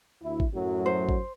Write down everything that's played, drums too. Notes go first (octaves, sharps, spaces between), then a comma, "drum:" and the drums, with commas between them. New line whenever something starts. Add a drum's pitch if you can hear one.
D2 E4
drum: kick
F#2 A2 F#3
C5
drum: kick